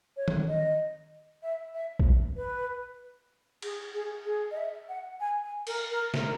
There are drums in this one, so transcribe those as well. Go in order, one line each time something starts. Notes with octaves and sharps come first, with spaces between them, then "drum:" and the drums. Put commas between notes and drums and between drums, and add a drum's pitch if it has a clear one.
C#5
drum: tom D#3
D#5
E5
E5
drum: kick
B4
G#4, drum: cymbal
G#4
G#4
D#5
E5
F#5
G#5
G#5
A#4, drum: cymbal
A#4
A#4, drum: snare